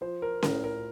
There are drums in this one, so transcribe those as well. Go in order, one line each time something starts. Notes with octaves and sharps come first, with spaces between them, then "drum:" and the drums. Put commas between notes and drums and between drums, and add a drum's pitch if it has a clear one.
F3 C5
A#4
A2 A#4, drum: snare C#4
A#4